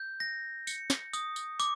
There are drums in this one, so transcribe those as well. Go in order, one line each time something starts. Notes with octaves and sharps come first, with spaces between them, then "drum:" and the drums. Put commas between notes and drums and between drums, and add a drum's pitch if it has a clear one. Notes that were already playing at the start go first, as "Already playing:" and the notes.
Already playing: G6
A#6
C#7, drum: tambourine
drum: snare
D#6, drum: tambourine
drum: tambourine
D6, drum: tambourine